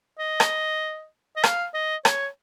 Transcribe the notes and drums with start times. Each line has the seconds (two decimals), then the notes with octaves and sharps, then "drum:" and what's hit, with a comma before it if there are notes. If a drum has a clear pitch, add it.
0.19 D#5
0.40 drum: rim click
1.37 D#5
1.44 F5, drum: rim click
1.74 D#5
2.05 C#5, drum: rim click